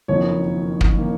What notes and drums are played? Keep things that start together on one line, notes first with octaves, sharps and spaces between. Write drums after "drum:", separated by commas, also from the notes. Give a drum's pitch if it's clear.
F#1 F2 D#3 A#3 C#5
drum: kick
D#3 A#3